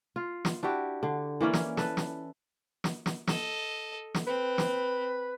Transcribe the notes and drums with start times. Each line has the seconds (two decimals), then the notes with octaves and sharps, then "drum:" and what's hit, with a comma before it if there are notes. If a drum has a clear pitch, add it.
0.16 F4
0.45 drum: snare
0.63 D4 E4 F#4 G4
1.03 D3
1.41 E3 A#3 C#4 D5
1.53 drum: snare
1.77 A4 B4, drum: snare
1.97 drum: snare
2.84 drum: snare
3.06 drum: snare
3.27 A4 D#5, drum: snare
4.15 drum: snare
4.27 C4 B4
4.58 drum: snare